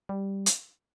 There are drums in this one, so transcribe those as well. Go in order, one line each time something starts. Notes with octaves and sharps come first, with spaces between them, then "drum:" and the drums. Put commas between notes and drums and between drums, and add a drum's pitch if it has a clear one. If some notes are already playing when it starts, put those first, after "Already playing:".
G3
drum: hi-hat